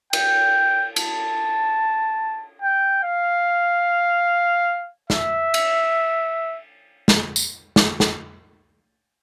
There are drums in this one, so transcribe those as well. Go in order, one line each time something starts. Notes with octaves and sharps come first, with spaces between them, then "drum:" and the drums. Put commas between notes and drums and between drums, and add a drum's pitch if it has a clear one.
G5, drum: cymbal
A5, drum: cymbal
G5
F5
E5, drum: snare
drum: cymbal
drum: snare
drum: tambourine
drum: snare
drum: snare